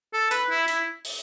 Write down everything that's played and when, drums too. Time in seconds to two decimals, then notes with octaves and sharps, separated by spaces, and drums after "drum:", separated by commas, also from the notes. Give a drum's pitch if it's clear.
0.14 A4
0.31 B4, drum: hi-hat
0.50 E4
0.68 E4, drum: hi-hat
1.05 drum: open hi-hat